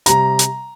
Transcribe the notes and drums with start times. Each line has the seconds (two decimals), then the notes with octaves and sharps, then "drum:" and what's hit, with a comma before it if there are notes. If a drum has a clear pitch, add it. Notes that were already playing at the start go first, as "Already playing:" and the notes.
0.06 C3 G3 A#5, drum: hi-hat
0.39 drum: hi-hat